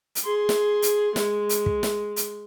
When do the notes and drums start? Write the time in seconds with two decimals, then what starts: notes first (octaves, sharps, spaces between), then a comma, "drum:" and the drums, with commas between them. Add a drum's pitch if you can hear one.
0.15 drum: hi-hat
0.25 G#4 C6
0.49 drum: snare
0.82 drum: hi-hat
1.16 G#3, drum: snare
1.49 drum: hi-hat
1.66 drum: kick
1.83 drum: snare
2.16 drum: hi-hat